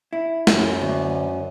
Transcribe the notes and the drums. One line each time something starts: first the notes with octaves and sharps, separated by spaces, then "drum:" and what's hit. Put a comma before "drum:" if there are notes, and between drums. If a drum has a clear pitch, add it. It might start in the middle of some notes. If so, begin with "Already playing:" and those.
E4
F#2, drum: snare
D2